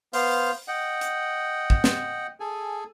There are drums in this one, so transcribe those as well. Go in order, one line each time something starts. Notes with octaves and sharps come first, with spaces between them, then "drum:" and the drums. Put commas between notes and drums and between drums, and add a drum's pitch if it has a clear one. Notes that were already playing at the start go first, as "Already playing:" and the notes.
B3 C5 F5, drum: open hi-hat
D#5 F#5 G5
drum: hi-hat
drum: kick
drum: snare
G#4 A4 G#5